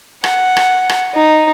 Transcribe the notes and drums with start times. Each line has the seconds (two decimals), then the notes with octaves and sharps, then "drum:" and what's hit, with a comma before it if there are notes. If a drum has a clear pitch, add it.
0.24 F#5, drum: rim click
0.57 drum: rim click
0.89 drum: rim click
1.15 D#4